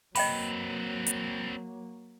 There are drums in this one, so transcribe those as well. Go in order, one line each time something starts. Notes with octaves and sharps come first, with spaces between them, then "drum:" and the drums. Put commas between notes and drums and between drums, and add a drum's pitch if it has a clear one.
F#3 A#3 C4 B4 D#5 G5 B5, drum: open hi-hat
drum: hi-hat